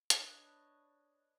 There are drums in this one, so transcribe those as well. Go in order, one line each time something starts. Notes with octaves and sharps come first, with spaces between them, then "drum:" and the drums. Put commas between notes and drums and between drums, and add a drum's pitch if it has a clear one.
D4 B4 C#5 D#5, drum: hi-hat